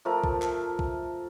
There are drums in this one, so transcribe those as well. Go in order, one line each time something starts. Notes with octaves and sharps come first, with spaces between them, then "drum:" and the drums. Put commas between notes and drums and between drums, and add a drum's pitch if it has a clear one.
F3 A3 A#4
drum: kick B1
drum: clap
drum: kick B1